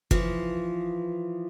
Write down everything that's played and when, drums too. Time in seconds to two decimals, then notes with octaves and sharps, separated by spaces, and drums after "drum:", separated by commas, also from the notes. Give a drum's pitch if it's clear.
0.11 E3 F3, drum: kick G1